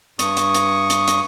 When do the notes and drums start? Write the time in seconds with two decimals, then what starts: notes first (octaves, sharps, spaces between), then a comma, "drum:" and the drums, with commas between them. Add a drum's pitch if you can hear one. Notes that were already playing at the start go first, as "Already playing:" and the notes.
0.19 G2 C#6 D#6, drum: hi-hat
0.37 drum: hi-hat
0.55 drum: hi-hat
0.90 drum: hi-hat
1.08 drum: hi-hat